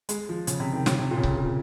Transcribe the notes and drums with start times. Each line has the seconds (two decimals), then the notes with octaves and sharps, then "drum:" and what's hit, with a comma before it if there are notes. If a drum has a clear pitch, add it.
0.09 G#3, drum: hi-hat
0.29 F3
0.47 C#3, drum: hi-hat
0.60 C3
0.73 D#3
0.86 C#3, drum: snare
0.99 C3
1.11 A#2
1.18 C#3
1.23 C3, drum: kick C#1
1.37 A#2